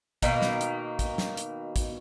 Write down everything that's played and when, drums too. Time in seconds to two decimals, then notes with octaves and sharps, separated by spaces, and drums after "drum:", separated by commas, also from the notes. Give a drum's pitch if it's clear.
0.22 B2 D#3 A#3, drum: kick, hi-hat
0.42 drum: snare
0.61 drum: hi-hat
0.99 drum: kick, hi-hat
1.18 drum: snare
1.37 drum: hi-hat
1.76 drum: kick, hi-hat